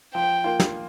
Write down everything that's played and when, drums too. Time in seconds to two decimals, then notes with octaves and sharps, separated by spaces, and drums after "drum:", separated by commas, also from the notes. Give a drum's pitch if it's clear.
0.14 F3 G5
0.44 A#3 F4
0.60 drum: snare